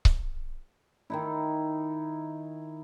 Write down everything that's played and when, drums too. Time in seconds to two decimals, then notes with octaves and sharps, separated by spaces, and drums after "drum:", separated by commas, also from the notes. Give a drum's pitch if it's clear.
0.05 drum: kick C#1
1.10 D#3 D#4 E4